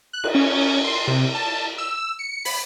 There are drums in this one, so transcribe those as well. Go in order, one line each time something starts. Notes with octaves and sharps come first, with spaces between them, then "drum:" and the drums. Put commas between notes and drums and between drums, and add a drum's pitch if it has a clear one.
F#6
drum: cymbal
C#4
C6
C3
A5
E6
C#7
B5, drum: open hi-hat